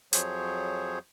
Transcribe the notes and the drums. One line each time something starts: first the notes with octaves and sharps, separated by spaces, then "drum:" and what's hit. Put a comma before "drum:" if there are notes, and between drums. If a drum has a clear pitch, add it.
F2 F3 F#3 G#4 C5 C#5, drum: hi-hat